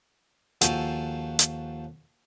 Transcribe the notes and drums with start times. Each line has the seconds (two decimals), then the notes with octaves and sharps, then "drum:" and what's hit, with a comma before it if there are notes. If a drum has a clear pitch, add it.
0.61 D#2 F3 F#4 A4 G5 G#5, drum: hi-hat
1.39 drum: hi-hat